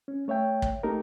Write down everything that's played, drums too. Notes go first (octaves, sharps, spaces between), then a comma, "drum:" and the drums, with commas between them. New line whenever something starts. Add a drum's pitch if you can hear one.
C#4
A3 C#5 E5 G5
drum: kick
A3 A#3 D#4 G4 A4 A#4